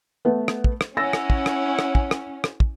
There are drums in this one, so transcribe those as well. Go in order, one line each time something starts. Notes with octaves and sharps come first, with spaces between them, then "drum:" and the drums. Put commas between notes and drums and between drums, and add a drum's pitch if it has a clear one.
A3 B3
drum: rim click
drum: kick
drum: rim click
C#4 E4 F#5 E6 A6 A#6
drum: rim click
drum: kick
drum: rim click
drum: rim click
drum: kick
drum: rim click
drum: rim click
drum: kick